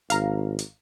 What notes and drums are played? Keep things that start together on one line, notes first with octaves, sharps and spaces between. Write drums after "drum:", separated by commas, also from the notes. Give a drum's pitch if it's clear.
G#1 F5 A#5, drum: hi-hat
drum: hi-hat